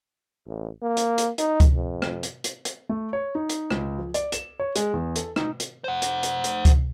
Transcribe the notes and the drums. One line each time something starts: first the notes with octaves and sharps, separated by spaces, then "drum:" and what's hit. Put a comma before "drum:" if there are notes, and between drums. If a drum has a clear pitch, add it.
A1
A#3
drum: hi-hat
drum: hi-hat
D#4, drum: hi-hat
drum: kick C#2, hi-hat
F2
drum: rim click
drum: hi-hat
drum: hi-hat
drum: hi-hat
A3
C#5
D#4
drum: hi-hat
C#2, drum: rim click
F3
D5, drum: hi-hat
E7, drum: hi-hat
C#5
G#3, drum: hi-hat
E2
A4, drum: hi-hat
D#4, drum: rim click
drum: hi-hat
C5 F#5
drum: hi-hat
drum: hi-hat
drum: hi-hat
drum: kick C#2, hi-hat